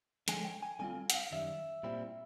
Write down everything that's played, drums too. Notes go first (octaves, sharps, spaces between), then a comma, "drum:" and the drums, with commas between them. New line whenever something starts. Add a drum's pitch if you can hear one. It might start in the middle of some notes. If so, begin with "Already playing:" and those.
D3 F3 G#3 G#5, drum: hi-hat
G5
G#5
D3 G3 C4 F4 G#5
F#5, drum: hi-hat
F5
F#2 D#3 G3 E5
A#2 G3 C4 E4